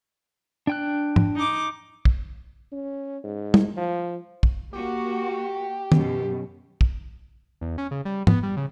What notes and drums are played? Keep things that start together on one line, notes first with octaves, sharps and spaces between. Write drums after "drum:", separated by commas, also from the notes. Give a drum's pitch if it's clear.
D4 G5 F#6
drum: tom
D#4 D6
drum: kick
C#4
G#2
drum: tom
F3
drum: kick
A#3 F#4 G4
F#2 B2, drum: tom
drum: kick
E2
C#4
C#3
G3
B3, drum: tom
G3
C#3